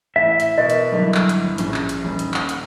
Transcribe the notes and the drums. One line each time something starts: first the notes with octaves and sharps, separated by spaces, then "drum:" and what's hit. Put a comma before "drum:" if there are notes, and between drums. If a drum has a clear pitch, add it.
A1 E5
drum: hi-hat
B2 A#4 D#5
drum: hi-hat
G2 D3 E3 F#3
drum: clap
drum: hi-hat
drum: tom E3
A#1 C#4, drum: hi-hat
drum: clap
drum: hi-hat
D#1, drum: tom E3
drum: hi-hat
drum: clap
drum: hi-hat